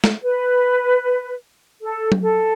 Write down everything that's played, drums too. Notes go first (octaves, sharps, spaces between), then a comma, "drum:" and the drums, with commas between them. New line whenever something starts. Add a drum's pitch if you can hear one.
drum: snare
B4
A4
drum: tom F#3
A4